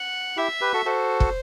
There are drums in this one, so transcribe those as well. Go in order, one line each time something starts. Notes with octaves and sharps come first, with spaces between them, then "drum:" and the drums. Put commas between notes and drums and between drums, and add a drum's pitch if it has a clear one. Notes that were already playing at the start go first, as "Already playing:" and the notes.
Already playing: F#5
E4 G4 E5
G4 B4
F#4 A4
F#4 A4 C5
drum: kick